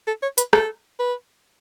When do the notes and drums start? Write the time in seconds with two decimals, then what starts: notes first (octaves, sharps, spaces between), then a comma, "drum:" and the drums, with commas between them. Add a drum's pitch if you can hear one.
0.07 A4
0.22 C#5
0.38 B4, drum: hi-hat
0.53 A4, drum: rim click
0.99 B4